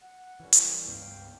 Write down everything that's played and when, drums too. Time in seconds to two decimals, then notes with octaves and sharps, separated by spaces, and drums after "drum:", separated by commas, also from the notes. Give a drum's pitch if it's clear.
0.01 F#5
0.40 C2 E3 G3 C#4
0.53 drum: hi-hat
0.86 C#2 G2 B3 D5 F5 G5